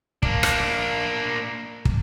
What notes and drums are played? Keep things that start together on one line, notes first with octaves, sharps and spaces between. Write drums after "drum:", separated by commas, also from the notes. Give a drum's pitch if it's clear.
A#3 D4, drum: kick
drum: rim click
drum: kick